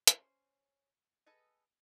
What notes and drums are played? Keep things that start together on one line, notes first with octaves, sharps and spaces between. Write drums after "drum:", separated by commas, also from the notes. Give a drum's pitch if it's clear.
C#4 C5, drum: hi-hat
G#4 A4 B4 D#5